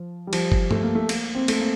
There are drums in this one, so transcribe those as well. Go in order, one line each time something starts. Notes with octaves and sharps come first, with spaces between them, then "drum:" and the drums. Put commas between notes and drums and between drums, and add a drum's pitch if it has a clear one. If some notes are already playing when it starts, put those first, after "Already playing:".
Already playing: F3
G3
F3, drum: cymbal
drum: kick F#1
A3, drum: tom G2
A#3
A3
A#3, drum: cymbal
C4
A3, drum: cymbal
A#3